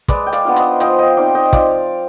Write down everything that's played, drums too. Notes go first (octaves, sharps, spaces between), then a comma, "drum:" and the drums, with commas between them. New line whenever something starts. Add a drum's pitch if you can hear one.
G#3 B4 D5, drum: kick, hi-hat
G5
D5 F5, drum: hi-hat
B3 D4 F4
C5 D#5, drum: hi-hat
F3 D#5 G5, drum: hi-hat
D#5 G5
C4 D#4 D5 F5
D#5 G5
F3 D5 F5, drum: kick, hi-hat